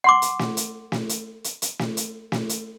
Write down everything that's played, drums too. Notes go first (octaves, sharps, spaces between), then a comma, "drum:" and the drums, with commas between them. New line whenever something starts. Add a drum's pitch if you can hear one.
F#5 C6 D6
drum: hi-hat
drum: snare
drum: hi-hat
drum: snare
drum: hi-hat
drum: hi-hat
drum: hi-hat
drum: snare
drum: hi-hat
drum: snare
drum: hi-hat